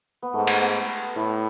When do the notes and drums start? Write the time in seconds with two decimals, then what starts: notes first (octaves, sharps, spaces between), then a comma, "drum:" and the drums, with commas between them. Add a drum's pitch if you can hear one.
0.22 B3
0.34 G#2 A3
0.47 A3, drum: cymbal
0.61 B3
1.16 A2 E4